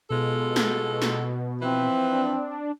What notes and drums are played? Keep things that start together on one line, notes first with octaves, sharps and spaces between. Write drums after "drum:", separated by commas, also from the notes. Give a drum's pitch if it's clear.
B2 G#3 F4 A4
drum: snare
drum: snare
E3 F3 C4 B4
D4